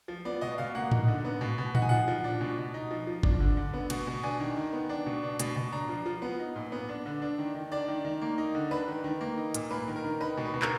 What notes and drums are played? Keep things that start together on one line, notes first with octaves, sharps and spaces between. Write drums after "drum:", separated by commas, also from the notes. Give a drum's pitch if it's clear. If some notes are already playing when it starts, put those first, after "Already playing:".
F3
B3 D5
B2 D#5
B2 F5
A#3 F#5
D#4, drum: tom A2
D3
B3
B2
B2
D#4 F#5, drum: tom A2
G#5
F3 F#5
F3
D4
B2
B2
D#4
F3
F3
D4, drum: kick G#1
D3
D3
B3
B2, drum: cymbal
B2
D4 G#5
D#3
D#3
B3
D4
B2
D4
B2, drum: hi-hat
B2
D4 A#5
F3
F3
B3
D#4
A#2
B3
D4
D3
D4
D#3
D#3
D4 D5
D#3
D#3
A#3
D#4
D3
D4 B4
D#3
D#3
A#3
D#4
A#2, drum: hi-hat
A#3 B4
D#3
A#4
D#3
D#4 B4
B2
B4
B2
A#4, drum: clap